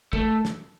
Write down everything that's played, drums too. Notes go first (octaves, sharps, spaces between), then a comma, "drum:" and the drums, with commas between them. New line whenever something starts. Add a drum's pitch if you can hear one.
A3, drum: kick
drum: snare